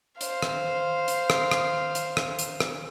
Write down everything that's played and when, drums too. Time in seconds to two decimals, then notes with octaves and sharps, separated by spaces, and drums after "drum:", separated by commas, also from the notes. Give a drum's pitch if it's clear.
0.21 C5 F5, drum: hi-hat
0.42 drum: rim click
1.08 drum: hi-hat
1.30 drum: rim click
1.51 drum: rim click
1.95 drum: hi-hat
2.17 drum: rim click
2.39 drum: hi-hat
2.60 drum: rim click